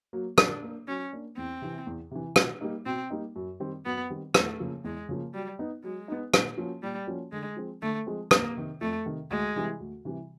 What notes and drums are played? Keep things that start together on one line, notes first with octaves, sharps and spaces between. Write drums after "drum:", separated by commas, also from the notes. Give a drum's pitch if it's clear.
F#3 A#3
F#3 D4, drum: rim click
A#3 D4
F#3 C#4
A#3 D4
E2 C4
C3 E3
E2
C3 E3
B2, drum: rim click
G3 A#3 D#4
B2 C4
G3 A#3 D#4
F#2
D#3 G3 C4
F#2 B3
D#3 G3 C4
E2 A3, drum: rim click
C#3 F3 A#3
E2 G#3
C#3 F3 A#3
F#3 G3
B3 D#4
F#3 G#3
B3 D#4
A#2, drum: rim click
F3 A#3 C#4 F#4
A#2 G3
F3 A#3 C#4 F#4
D3 G#3
F3 G#3 C4
D3 A3
F3 G#3 C4
F2 A#3, drum: rim click
C3 D#3
F2 A3
C3 D#3
D2 G#3
C3 E3 G3
D2
C3 E3 G3